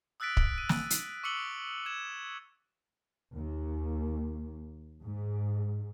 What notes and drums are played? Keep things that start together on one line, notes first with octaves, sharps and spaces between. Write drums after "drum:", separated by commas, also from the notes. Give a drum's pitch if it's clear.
D#6 E6 F#6 A6 B6 D7
drum: kick
D#7
drum: snare
drum: hi-hat
C#6 D6 E6 C#7 F#7 G7
G#6 E7
D#2
G#2